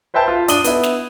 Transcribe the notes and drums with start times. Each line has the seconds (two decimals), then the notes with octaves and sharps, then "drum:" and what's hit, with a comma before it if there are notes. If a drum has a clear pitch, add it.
0.14 B4 C5 E5 G5 A5 G6
0.28 F4
0.48 D4 D#6 D#7 G7, drum: hi-hat
0.64 B3 E4, drum: hi-hat
0.83 drum: snare